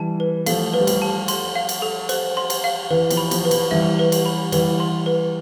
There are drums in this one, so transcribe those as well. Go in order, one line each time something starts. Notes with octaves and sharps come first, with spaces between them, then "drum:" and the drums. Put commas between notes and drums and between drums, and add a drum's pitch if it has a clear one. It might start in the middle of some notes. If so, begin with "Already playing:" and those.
Already playing: E3 G3 A5
B4
F3 A3 F5, drum: cymbal
B4
G3
F3, drum: cymbal
A5
C6, drum: cymbal
F5
drum: cymbal
A4
C5, drum: cymbal
C6
drum: cymbal
F5
E3 B4
F3, drum: cymbal
B5
F3, drum: cymbal
B4
F3, drum: cymbal
E3 G3 E5
B4
drum: cymbal
B5
E3 G3 B4, drum: cymbal
C6
B4